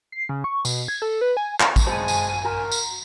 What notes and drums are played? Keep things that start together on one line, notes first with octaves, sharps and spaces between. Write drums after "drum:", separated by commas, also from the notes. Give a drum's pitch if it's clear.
C7
C#3
C#6
B2, drum: tambourine
G#6
A4
B4
G#5
drum: clap
drum: kick, tambourine
G#3 F#4 C5 G#5 A5
drum: tambourine
F#4 A#4 A#5
drum: tambourine